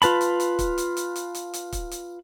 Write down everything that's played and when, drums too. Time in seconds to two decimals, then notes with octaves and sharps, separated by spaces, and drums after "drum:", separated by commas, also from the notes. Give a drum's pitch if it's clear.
0.02 F4 B4 A5 B5, drum: hi-hat
0.21 drum: hi-hat
0.40 drum: hi-hat
0.59 drum: kick, hi-hat
0.78 drum: hi-hat
0.97 drum: hi-hat
1.16 drum: hi-hat
1.35 drum: hi-hat
1.53 drum: hi-hat
1.72 drum: kick, hi-hat
1.91 drum: hi-hat